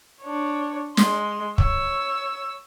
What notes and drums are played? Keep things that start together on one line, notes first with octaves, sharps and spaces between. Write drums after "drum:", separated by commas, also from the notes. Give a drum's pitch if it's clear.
D4 C#5
G#3 C6, drum: snare
C#5 E6, drum: kick